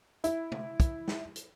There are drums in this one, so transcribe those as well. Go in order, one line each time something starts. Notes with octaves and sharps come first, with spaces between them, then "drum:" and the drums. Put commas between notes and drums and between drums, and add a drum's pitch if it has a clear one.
E4, drum: hi-hat
drum: tom
drum: kick, hi-hat
drum: snare
drum: hi-hat